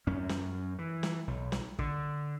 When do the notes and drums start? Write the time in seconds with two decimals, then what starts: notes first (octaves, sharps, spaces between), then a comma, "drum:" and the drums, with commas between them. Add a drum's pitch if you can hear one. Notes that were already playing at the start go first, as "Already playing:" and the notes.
0.07 F#2 C#4
0.29 drum: snare
0.79 E3
1.03 drum: snare
1.27 B1
1.52 drum: snare
1.79 D3, drum: kick